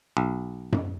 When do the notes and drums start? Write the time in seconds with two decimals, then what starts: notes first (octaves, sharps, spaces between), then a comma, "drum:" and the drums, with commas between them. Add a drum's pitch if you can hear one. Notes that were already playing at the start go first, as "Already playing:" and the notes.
0.17 B1
0.72 drum: tom F#2